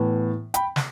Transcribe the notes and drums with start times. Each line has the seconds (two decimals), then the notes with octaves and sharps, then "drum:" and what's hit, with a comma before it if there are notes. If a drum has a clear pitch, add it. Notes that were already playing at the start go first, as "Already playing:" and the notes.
Already playing: A2 E3 B3
0.54 G5 B5, drum: hi-hat
0.76 drum: snare